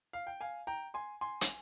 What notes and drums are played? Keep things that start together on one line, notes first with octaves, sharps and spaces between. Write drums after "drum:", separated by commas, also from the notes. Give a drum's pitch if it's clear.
F5
G5
F5 G#5
G5 A#5
G#5 C6
G#5 C6
drum: hi-hat